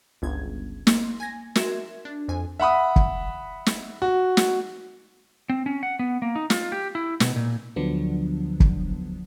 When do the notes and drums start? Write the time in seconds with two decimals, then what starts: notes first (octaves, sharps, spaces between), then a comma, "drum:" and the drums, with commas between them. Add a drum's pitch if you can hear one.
0.22 G1 C#2 G#6
0.87 A#3 C6, drum: snare
1.20 G#5 G#6 A#6
1.55 F#4 A#4 E5 C6 G#6 E7, drum: snare
2.05 D4
2.28 F2 G#5
2.59 E5 F#5 B5 D#6
2.96 drum: kick
3.66 drum: snare
4.02 F#4
4.37 drum: snare
5.50 C4
5.66 C#4
5.83 F#5
5.99 B3
6.22 A#3
6.35 D#4
6.50 F4, drum: snare
6.72 G4
6.95 E4
7.20 B2, drum: snare
7.36 A#2
7.76 D2 D3 F3 F#3 B3 D4
8.60 drum: kick